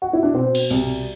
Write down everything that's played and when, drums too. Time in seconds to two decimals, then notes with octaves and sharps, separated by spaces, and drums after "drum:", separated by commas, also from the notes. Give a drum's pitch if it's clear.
0.02 F#4
0.13 E4
0.23 D4
0.33 B2 C4
0.55 drum: cymbal
0.70 C2, drum: open hi-hat